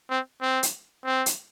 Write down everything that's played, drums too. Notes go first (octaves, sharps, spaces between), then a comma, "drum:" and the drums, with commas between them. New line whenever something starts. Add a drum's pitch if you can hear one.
C4
C4
drum: hi-hat
C4
drum: hi-hat